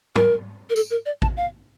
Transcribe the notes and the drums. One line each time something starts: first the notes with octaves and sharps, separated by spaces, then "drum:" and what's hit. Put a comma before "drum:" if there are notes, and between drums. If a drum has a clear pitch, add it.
A#4, drum: tom
A#4
A4, drum: tambourine
A#4
D5
A5, drum: kick A1
F5